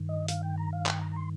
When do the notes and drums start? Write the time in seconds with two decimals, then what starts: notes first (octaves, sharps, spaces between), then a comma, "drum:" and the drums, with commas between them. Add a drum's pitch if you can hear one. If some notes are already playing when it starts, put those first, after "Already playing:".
Already playing: G2 D#3
0.09 D#5
0.28 F5, drum: hi-hat
0.43 G5
0.58 A#5
0.73 F5
0.86 G5, drum: clap
1.01 A#5
1.12 A#5
1.16 C6